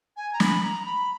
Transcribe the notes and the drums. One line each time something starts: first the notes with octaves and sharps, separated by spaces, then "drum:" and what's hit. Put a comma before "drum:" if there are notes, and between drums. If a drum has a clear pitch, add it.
G#5
A#5
B5, drum: snare
A#5
B5